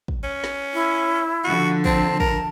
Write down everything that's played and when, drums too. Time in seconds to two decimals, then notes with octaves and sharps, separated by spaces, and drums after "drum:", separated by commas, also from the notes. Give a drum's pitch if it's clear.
0.08 drum: kick
0.23 C#4
0.44 drum: snare
0.74 E4
1.44 D3 F3 F#4
1.85 C4 A5, drum: kick
2.20 A#4, drum: kick